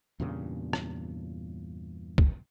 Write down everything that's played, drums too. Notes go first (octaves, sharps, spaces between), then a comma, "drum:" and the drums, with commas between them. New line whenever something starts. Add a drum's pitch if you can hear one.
E2 G2 A#2 C#3
drum: rim click
drum: kick